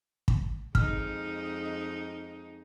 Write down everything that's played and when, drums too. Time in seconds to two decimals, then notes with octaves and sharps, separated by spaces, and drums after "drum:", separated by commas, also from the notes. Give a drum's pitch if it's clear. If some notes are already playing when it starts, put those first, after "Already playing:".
0.28 drum: kick
0.75 F2 G#3 D#4 F6, drum: kick